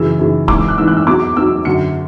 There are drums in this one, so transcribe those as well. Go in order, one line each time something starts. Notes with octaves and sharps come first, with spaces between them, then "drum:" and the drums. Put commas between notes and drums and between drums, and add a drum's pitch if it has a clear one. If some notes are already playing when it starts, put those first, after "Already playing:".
Already playing: F#2 C#3 E3 E6
F#2 C#3 E3
G#2 E3 D6, drum: kick D1
E6
F#6
G#2 E3 E6
F#6
E6
E2 B2 F#3 D6
E2 B2 F#3 E6
F#2 D3 F#3 C#7